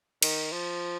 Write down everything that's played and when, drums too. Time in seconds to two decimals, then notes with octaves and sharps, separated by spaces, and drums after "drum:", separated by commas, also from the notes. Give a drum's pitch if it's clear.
0.22 D#3, drum: cymbal
0.52 F3